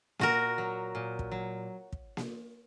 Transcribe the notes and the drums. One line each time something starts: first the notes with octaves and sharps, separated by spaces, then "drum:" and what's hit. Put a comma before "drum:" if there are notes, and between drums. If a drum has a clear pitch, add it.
A#2 F#4 A#4, drum: snare A#3
F#3
A#2
drum: kick
F#3
drum: kick
drum: snare A#3